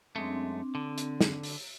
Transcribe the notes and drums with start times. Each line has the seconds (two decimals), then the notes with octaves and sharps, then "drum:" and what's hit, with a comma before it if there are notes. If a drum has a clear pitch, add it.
0.16 F#2 G#3 A3 C4 D4
0.75 D3
0.98 drum: hi-hat
1.21 drum: snare
1.43 drum: open hi-hat